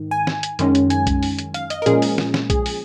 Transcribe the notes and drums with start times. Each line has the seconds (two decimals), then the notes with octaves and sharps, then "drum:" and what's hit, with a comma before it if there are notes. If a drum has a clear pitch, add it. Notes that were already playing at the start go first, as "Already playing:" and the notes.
Already playing: G#2 D#3
0.11 G#5
0.27 drum: snare
0.43 drum: hi-hat
0.59 F#2 D#3 G#3 C#4, drum: hi-hat
0.75 drum: hi-hat
0.90 G#5, drum: hi-hat
1.07 drum: kick B1, hi-hat
1.23 drum: open hi-hat
1.39 drum: hi-hat
1.54 F5, drum: hi-hat
1.70 D#5, drum: hi-hat
1.82 A#4
1.86 A#2 F3 G#3 C#4 G#4, drum: hi-hat
2.02 drum: open hi-hat
2.18 drum: snare
2.34 drum: snare
2.50 G#4, drum: kick B1, hi-hat
2.66 drum: open hi-hat